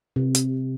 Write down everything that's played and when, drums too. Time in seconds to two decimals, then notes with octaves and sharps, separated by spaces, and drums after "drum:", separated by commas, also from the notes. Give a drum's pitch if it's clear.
0.16 C3
0.35 drum: hi-hat